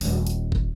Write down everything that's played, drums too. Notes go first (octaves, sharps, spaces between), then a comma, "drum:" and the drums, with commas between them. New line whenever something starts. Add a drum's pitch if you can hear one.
D#1, drum: open hi-hat
drum: hi-hat
drum: kick